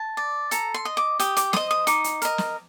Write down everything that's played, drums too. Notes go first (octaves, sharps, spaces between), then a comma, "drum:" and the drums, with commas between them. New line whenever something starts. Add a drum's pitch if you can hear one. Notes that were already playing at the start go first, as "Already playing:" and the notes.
Already playing: A5
D5
A4 A#5, drum: hi-hat
C6
D#5
D6
G4 D#6, drum: hi-hat
D6, drum: hi-hat
C5 D#5 D#6, drum: snare
D#6
D#4 D6, drum: hi-hat
drum: hi-hat
A#4 D#5, drum: hi-hat
drum: snare